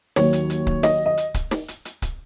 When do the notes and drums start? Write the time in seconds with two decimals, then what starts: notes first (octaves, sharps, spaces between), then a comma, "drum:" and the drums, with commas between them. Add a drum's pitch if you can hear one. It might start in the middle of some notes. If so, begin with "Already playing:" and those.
0.16 D#2 D#3 F#3 C#5, drum: snare
0.33 drum: hi-hat
0.50 drum: hi-hat
0.67 drum: kick C#1
0.83 D#5, drum: snare
1.06 D#5
1.17 drum: hi-hat
1.34 drum: kick C#1, hi-hat
1.51 drum: snare
1.68 drum: hi-hat
1.85 drum: hi-hat
2.02 drum: kick C#1, hi-hat